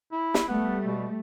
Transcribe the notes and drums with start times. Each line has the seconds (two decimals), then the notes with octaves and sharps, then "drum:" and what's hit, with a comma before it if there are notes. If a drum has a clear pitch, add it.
0.12 E4
0.34 drum: snare
0.49 G3 A3 B3
0.85 B2